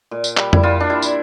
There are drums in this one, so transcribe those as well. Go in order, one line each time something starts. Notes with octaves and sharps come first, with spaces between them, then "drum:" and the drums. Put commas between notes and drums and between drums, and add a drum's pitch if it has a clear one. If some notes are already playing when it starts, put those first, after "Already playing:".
A#2
drum: tambourine
G3, drum: clap
E4, drum: tom F2
A#2 F4
D4
G3 E4
drum: tambourine